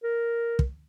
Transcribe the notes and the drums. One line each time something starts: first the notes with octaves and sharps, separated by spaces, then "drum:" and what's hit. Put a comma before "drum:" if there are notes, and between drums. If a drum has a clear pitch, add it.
A#4
drum: kick